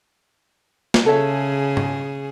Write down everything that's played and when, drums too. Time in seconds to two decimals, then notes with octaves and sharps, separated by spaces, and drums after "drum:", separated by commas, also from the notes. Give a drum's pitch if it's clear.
0.94 drum: snare
1.06 C#3 G#4 A4 C#5 E5
1.77 drum: tom G#2